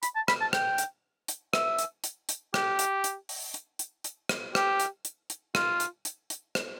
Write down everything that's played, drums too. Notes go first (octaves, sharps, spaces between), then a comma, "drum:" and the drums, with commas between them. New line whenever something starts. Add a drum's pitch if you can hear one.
B5, drum: hi-hat
A5
B5, drum: rim click
A5
G5, drum: rim click
drum: hi-hat
drum: hi-hat
E5, drum: rim click
drum: hi-hat
drum: hi-hat
drum: hi-hat
G4, drum: rim click
drum: hi-hat
drum: hi-hat
drum: open hi-hat
drum: hi-hat
drum: hi-hat
drum: hi-hat
drum: rim click
G4, drum: rim click
drum: hi-hat
drum: hi-hat
drum: hi-hat
F4, drum: rim click
drum: hi-hat
drum: hi-hat
drum: hi-hat
drum: rim click